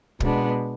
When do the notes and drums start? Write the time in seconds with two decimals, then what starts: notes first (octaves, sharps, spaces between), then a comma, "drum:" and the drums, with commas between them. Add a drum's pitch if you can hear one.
0.20 B2 G#3 B3 D4, drum: kick